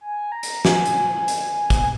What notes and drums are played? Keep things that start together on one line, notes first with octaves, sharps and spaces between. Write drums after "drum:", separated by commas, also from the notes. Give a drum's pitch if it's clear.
G#5
A#5
drum: hi-hat
G#5, drum: snare
drum: hi-hat
drum: hi-hat
drum: kick, hi-hat